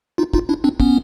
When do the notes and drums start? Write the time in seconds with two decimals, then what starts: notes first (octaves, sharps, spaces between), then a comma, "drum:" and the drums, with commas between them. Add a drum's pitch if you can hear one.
0.18 D#4 F4
0.33 D#4 F4, drum: kick
0.49 D4 E4
0.64 C4 D4
0.80 B3 C#4, drum: kick